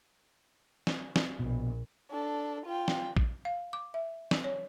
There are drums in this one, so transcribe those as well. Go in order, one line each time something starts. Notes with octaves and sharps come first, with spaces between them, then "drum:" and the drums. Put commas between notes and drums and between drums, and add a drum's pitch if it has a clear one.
drum: snare
drum: snare
A#1 B2
D4 A4
F4 G5
drum: snare
drum: kick A#1
F5
D6
E5
drum: snare
C#5